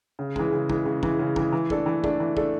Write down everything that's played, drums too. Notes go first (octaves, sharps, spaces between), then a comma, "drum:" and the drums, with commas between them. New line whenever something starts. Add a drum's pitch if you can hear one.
C#3
E3 G#3, drum: kick
C#3
E3 G#3, drum: kick
C#3
E3 G#3, drum: kick
C#3
E3 G#3, drum: kick
E3
A3 D4 A4, drum: kick
E3
A3 D4 A4, drum: kick
E3
A3 D4 A4, drum: kick